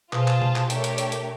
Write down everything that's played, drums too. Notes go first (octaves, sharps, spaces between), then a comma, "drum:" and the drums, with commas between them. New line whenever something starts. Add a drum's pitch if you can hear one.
B2 F4 G#4 C5 F5 A5, drum: clap
drum: clap
drum: tom C3
drum: clap
A3 D4 G4 A#4 C#5, drum: hi-hat
drum: hi-hat
drum: hi-hat
drum: hi-hat